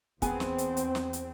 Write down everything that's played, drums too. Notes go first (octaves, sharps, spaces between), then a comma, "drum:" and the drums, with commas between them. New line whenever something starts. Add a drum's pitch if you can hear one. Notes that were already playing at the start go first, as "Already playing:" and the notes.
E2 B3 C4 G#4 G#5, drum: kick, hi-hat
drum: snare
drum: hi-hat
drum: hi-hat
drum: snare
drum: hi-hat